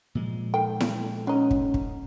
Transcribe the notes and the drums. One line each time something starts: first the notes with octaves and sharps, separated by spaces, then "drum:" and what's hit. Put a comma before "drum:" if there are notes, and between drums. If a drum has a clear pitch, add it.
A#2 F3 G#3
D#3 A4 G5
drum: snare E4
D3 C#4 D#4
drum: kick
drum: kick